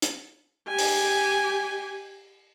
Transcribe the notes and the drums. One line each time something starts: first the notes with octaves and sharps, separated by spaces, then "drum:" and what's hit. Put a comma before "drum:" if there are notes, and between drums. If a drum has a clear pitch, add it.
drum: hi-hat
G4 G#5
drum: open hi-hat